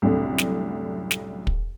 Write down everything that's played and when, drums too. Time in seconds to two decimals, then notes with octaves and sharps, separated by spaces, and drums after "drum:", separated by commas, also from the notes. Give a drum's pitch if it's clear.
0.02 C2 F#2 A2 D3
0.38 drum: snare
1.11 drum: snare
1.47 drum: kick